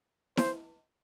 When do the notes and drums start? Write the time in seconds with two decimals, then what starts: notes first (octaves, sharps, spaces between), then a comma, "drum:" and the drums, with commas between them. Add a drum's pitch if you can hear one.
0.37 C5, drum: snare E4